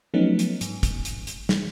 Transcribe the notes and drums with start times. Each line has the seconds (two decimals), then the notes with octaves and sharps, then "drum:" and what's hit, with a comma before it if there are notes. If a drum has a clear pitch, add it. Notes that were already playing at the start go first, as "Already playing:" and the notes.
0.14 F3 F#3 A3 B3 C#4 D#4
0.39 drum: hi-hat
0.61 G#2, drum: hi-hat
0.83 drum: kick, hi-hat
1.05 drum: hi-hat
1.27 drum: hi-hat
1.49 drum: snare